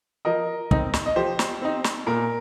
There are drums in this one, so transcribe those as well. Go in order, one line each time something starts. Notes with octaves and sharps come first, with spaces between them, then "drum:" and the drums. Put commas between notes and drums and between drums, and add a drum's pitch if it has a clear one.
F3 A#4 D#5
C4 D#4, drum: kick
drum: snare
D#5
F3 G4 C5
drum: snare
C4 D#4
drum: snare
A#2 A#4